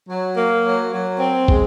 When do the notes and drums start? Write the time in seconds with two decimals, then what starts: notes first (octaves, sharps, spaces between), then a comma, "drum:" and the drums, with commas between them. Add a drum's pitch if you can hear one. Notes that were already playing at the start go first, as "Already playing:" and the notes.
0.09 F#3
0.37 A#3
0.65 F#3
0.93 F#3
1.20 C4
1.48 G#3, drum: kick